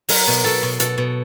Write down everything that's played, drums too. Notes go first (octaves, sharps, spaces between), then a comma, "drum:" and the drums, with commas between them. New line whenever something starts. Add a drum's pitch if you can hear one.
F#3 A#4, drum: open hi-hat
B2
B2 A4
B2
B2 A4, drum: hi-hat
B2